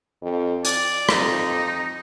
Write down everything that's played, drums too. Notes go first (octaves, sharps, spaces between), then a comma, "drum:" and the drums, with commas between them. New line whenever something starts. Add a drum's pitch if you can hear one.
F2
D5, drum: hi-hat
F2 D#4, drum: rim click